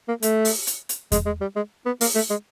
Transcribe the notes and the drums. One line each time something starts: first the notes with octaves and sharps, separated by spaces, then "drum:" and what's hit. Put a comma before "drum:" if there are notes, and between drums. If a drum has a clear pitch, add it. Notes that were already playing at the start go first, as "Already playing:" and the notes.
A#3
A3, drum: hi-hat
drum: open hi-hat
drum: hi-hat
drum: hi-hat
G#3, drum: kick E2, hi-hat
G#3
G3
G#3
B3
A#3, drum: open hi-hat
A3
G#3